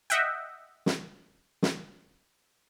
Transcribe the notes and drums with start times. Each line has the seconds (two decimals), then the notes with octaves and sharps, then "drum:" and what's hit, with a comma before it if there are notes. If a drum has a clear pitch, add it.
0.10 D#5 E5 F#5 G5
0.86 drum: snare
1.62 drum: snare